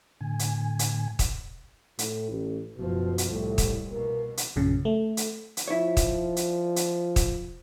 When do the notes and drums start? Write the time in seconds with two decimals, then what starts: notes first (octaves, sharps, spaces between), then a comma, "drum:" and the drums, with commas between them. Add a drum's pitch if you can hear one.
0.21 A2 D3 G#5
0.39 drum: hi-hat
0.79 drum: hi-hat
1.19 drum: kick, hi-hat
1.99 A2, drum: hi-hat
2.30 A1
2.77 F#1 B2 F3
3.18 drum: hi-hat
3.30 C2 A2
3.58 drum: kick, hi-hat
3.92 B2 A#3
4.37 drum: hi-hat
4.56 A#1 F#2 A#2 C#3
4.85 A3
5.17 drum: hi-hat
5.57 drum: hi-hat
5.68 F3 E4 C#5
5.97 drum: kick, hi-hat
6.36 drum: hi-hat
6.76 drum: hi-hat
7.16 drum: kick, hi-hat